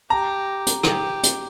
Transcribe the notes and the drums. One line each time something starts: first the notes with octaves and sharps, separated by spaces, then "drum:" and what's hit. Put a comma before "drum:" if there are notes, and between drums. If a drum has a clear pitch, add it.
G4 A#5
drum: hi-hat
G4, drum: rim click
drum: hi-hat